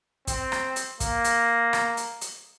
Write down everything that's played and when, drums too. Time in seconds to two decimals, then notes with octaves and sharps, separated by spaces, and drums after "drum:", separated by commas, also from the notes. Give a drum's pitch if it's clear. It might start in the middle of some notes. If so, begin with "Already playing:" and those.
0.27 C4, drum: kick, hi-hat
0.52 drum: rim click
0.76 drum: hi-hat
1.00 A#3, drum: kick, hi-hat
1.25 drum: hi-hat
1.73 drum: rim click
1.97 drum: hi-hat
2.21 drum: hi-hat